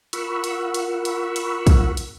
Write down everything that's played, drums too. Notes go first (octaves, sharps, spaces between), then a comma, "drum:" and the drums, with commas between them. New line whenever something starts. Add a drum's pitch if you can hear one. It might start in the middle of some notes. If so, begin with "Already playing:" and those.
F4 A#4 F#5 B5 C#6 E6, drum: hi-hat
drum: hi-hat
drum: hi-hat
drum: hi-hat
drum: hi-hat
drum: kick, hi-hat
drum: hi-hat